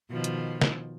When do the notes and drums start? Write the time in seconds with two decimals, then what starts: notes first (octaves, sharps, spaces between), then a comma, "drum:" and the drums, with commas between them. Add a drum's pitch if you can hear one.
0.11 B2 D#3 F3
0.24 drum: hi-hat
0.62 drum: snare